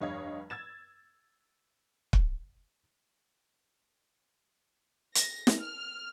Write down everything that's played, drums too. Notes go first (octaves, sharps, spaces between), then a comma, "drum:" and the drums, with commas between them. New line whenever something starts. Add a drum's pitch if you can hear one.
F1 G2 C#5 D#5 F5 G#6
E6 G#6 A6 E7
drum: kick
A#6, drum: hi-hat
drum: snare
F6